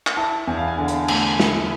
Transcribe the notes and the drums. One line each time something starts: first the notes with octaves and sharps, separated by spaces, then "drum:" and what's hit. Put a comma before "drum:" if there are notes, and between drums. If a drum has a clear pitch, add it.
drum: clap
E4 A5
E2 G#5
F5
G#5
D3 G#5
drum: hi-hat
A3 G#5, drum: cymbal
E4, drum: snare